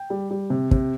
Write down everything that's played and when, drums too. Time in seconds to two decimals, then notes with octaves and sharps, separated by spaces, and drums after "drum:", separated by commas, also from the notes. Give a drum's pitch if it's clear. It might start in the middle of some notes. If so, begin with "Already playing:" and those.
Already playing: G5
0.10 G3
0.30 G3
0.50 C3
0.71 C3, drum: kick